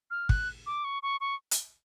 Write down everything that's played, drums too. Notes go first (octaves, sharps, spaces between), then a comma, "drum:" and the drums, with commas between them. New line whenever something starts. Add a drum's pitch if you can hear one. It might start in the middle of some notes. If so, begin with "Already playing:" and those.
F6
F#6, drum: kick
D6
C#6
C#6
C#6
drum: hi-hat